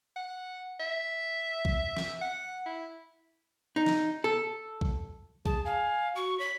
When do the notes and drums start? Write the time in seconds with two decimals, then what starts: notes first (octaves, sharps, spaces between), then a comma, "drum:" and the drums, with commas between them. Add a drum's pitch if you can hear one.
0.16 F#5
0.80 E5
1.65 drum: kick B1
1.97 drum: snare
2.21 F#5
2.66 E4
3.76 D#4
3.86 drum: snare
4.24 A4
4.81 drum: kick B1
5.46 G#4 A5, drum: kick B1
5.65 F5 G#5
6.16 F#4 C#6
6.40 C#5 B6